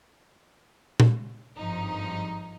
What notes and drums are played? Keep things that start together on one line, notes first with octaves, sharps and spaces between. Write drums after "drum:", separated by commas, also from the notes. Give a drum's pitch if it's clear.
drum: tom A#2
G#1 G2 F3 D#4